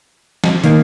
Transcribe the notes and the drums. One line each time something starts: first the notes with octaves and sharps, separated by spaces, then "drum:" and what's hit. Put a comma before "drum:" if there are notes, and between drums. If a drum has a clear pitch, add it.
drum: snare
D#3 A#3, drum: hi-hat